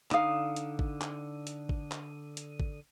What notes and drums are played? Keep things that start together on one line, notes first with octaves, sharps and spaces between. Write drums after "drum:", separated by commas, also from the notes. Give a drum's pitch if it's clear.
D3 D#4 F5 D#6, drum: clap
drum: hi-hat
drum: kick G#1
drum: clap
drum: hi-hat
drum: kick G#1
drum: clap
drum: hi-hat
drum: kick G#1